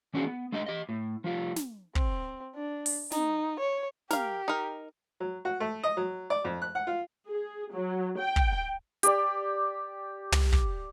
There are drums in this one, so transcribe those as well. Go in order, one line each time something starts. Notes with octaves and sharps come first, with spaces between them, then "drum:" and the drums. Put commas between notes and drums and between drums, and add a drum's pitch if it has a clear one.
E3 C#4 D4 F#4 G#4
B3
G#3 A3 D4 D#4 G4 D#5
G4 D#5
A2
F3 G3 F4 G4
drum: snare
C4, drum: kick
D4
drum: open hi-hat
D#4, drum: snare
C#5
G4 A#4 F5, drum: snare
D#4 A#4
F#3
F#4
A3
D#5
F#3
D5
F2
F#6
F#5
F4
G#4
F#3
G5
drum: kick
G4 D5, drum: hi-hat
drum: tom
drum: kick